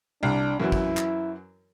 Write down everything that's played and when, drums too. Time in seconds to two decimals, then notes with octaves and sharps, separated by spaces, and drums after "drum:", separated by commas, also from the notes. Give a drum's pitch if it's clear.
0.23 C2 D4
0.60 F#2 E3 F#3 E4
0.72 drum: kick
0.97 drum: clap